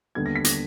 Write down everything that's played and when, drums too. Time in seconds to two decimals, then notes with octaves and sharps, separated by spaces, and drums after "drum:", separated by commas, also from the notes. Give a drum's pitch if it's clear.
0.15 D#2 D3 G3 B3 G#6
0.26 A#6
0.36 B6
0.45 A#6, drum: hi-hat